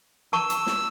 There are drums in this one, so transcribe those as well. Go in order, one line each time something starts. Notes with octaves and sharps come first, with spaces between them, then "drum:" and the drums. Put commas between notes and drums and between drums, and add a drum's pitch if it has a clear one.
A5 C#6 E6
drum: hi-hat
drum: snare